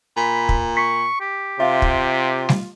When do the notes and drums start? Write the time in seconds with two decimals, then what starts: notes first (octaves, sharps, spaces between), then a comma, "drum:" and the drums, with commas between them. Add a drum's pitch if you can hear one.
0.17 A#2 B5
0.49 drum: kick
0.77 C#6 B6
1.21 G4
1.60 C3 F4 E5 F5
1.82 drum: kick
2.49 drum: snare G3